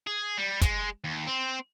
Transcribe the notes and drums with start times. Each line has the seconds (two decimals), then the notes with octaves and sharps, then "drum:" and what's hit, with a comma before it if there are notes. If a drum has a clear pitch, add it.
0.07 G#4
0.38 G3
0.61 G#3, drum: kick, hi-hat
1.04 D#2
1.27 C4